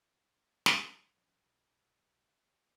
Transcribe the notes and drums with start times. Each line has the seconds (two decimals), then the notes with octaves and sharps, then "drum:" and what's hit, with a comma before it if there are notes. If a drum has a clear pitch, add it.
0.32 G#2
0.66 drum: snare
1.17 B1 F3 C#4
1.42 B1 E2 G3